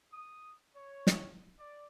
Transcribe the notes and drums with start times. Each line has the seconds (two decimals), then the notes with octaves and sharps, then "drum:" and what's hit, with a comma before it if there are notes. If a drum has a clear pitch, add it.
0.12 D#6
0.75 C#5
1.07 drum: snare
1.59 D5